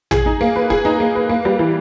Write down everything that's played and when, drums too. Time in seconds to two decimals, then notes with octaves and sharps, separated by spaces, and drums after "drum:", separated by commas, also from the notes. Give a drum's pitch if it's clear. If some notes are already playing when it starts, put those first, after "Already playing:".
0.11 G#4, drum: tom
0.26 D#4
0.41 A#3
0.56 B4
0.70 G#4, drum: kick E1
0.85 D#4
1.00 A#3
1.16 B4
1.29 A#3
1.45 G3
1.59 E3